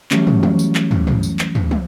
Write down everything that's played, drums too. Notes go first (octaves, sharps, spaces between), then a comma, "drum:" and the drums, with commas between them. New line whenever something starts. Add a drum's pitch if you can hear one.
E3 F#3 G3 A3 C#4, drum: clap
drum: tom
drum: tom
drum: tambourine
drum: clap
drum: tom
drum: tom
drum: tambourine
drum: clap
drum: tom
drum: tom